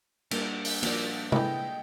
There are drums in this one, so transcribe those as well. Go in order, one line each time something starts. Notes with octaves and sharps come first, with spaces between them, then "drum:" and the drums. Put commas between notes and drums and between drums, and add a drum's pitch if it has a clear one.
G3 A#3 D4 A#4, drum: cymbal
drum: open hi-hat
F3 A#3 F4 F#4 D5 F#7, drum: cymbal
E3 G#3 E4 A4 D#5 G5, drum: tom C3